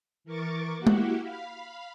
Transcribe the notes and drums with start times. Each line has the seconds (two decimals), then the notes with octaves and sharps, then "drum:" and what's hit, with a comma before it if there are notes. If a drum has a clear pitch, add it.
0.24 E3 A#4 C#6 D6 A6
0.78 A#3 E4 F#4 G4 F#5
0.87 drum: tom G#3
1.21 F5 B5